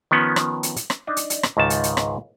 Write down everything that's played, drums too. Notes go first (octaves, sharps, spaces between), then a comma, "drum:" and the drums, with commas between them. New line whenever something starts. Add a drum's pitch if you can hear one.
D#3 F3 B3 C#4
drum: rim click
drum: hi-hat
drum: hi-hat
drum: rim click
D4 D#4
drum: hi-hat
drum: hi-hat
drum: rim click
C#2 G#2 D#3 A5
drum: hi-hat
drum: hi-hat
drum: rim click